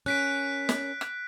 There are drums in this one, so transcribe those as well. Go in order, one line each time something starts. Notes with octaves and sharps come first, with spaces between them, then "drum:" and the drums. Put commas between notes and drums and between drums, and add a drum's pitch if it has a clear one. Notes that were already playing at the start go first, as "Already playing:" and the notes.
C#4 A#4 F#6 B6 D7
drum: snare
drum: rim click